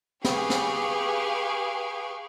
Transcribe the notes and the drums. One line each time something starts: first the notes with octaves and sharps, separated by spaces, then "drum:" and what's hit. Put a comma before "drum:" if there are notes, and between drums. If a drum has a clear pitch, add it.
G4 G#4 B4 F5 C#6, drum: snare
drum: snare